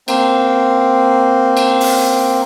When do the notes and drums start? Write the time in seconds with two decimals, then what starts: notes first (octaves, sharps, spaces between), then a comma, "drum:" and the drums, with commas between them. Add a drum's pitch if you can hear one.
0.08 A#3 C4, drum: cymbal
1.57 drum: cymbal
1.81 drum: open hi-hat